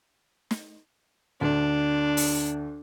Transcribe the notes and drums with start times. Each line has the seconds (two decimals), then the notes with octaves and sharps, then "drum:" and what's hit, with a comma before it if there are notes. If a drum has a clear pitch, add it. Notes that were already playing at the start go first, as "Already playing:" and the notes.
0.51 drum: snare
1.41 D2 D4
2.17 drum: open hi-hat